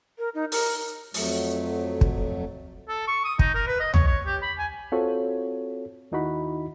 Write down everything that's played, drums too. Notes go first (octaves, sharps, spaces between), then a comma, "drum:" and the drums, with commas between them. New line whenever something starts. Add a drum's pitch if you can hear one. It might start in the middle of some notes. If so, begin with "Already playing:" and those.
A#4
D#4
A#4, drum: open hi-hat
F2 F#3 A3, drum: open hi-hat
drum: kick
A4
C#6
D#6
D#4, drum: kick
A#4
B4
D#5
C#5, drum: tom
C#5
G4
B5
G#5
C4 F4 F#4 A4 C#5
D#2 D#3 D#4 E4 F#4 B5